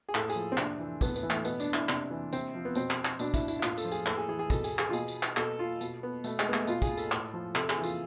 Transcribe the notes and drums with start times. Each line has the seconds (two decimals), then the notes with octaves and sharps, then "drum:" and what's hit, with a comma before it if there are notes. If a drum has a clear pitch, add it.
0.09 G#4
0.15 A2 A4, drum: clap
0.29 G#4, drum: tambourine
0.36 F3
0.52 C4
0.57 C3 D4, drum: clap
0.79 E3
1.01 A2 B3, drum: kick, tambourine
1.16 B3, drum: tambourine
1.23 E3
1.30 A3, drum: clap
1.45 B2 B3, drum: tambourine
1.60 D4, drum: tambourine
1.74 E4, drum: clap
1.89 C3 D4, drum: clap
2.11 E3
2.33 C3 C4, drum: tambourine
2.55 F3
2.65 B3
2.75 B2 C4, drum: tambourine
2.90 drum: clap
3.05 drum: clap
3.19 B2 D4, drum: tambourine
3.34 E4, drum: kick, tambourine
3.48 E4, drum: tambourine
3.59 E4
3.63 A2 F4, drum: clap
3.78 A4, drum: tambourine
3.85 F3
3.92 G#4, drum: tambourine
4.06 A2 A4, drum: clap
4.17 G#4
4.28 E3 G#4
4.39 G#4
4.50 B2 A4, drum: kick, tambourine
4.64 G#4, drum: tambourine
4.79 G#4, drum: clap
4.89 F4
4.93 B2 G#4, drum: tambourine
5.08 drum: tambourine
5.23 drum: clap
5.37 B2 A4, drum: clap
5.59 F4
5.81 B2, drum: tambourine
6.03 B3
6.24 B2 A3, drum: tambourine
6.39 G#3, drum: clap
6.49 B3
6.54 A3, drum: clap
6.67 B2 F4, drum: tambourine
6.82 G#4, drum: kick, tambourine
6.97 A4, drum: tambourine
7.12 A2, drum: clap
7.34 F3
7.55 C3 A4, drum: clap
7.70 G#4, drum: clap
7.77 E3
7.84 F4, drum: tambourine